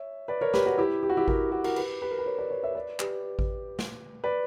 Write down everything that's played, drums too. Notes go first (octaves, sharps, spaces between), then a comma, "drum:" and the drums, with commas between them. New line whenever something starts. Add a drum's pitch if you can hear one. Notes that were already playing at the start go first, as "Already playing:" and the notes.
Already playing: C#5 E5
B4 D5
A#4 C#5
G4 B4, drum: snare
F#4 A#4
E4 G4
G4
F#4
E4 G4
F#4 A#4, drum: kick G#1
F#4 A#4
F#4 A#4, drum: cymbal
G4 B4, drum: cymbal
G4 B4
A#4
B4
A#4 C#5
B4 D5
A#4 C#5
C#5 E5
B4 D5
G4 B4, drum: clap
drum: kick G#1
drum: snare
B4 D5